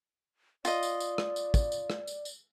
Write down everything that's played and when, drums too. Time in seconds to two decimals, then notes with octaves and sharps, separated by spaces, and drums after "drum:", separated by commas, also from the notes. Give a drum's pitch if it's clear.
0.65 F4 D5 D#5, drum: tambourine
0.83 drum: tambourine
1.00 drum: tambourine
1.18 drum: rim click
1.36 drum: tambourine
1.54 drum: kick, tambourine
1.72 drum: tambourine
1.90 drum: rim click
2.07 drum: tambourine
2.25 drum: tambourine